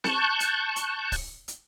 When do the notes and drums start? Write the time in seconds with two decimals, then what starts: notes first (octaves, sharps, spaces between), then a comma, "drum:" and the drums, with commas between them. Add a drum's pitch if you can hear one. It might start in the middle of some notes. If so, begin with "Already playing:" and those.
0.04 A5 C#6 F#6 G6, drum: snare C4
0.40 drum: hi-hat
0.76 drum: hi-hat
1.12 drum: kick C#1, open hi-hat
1.48 drum: hi-hat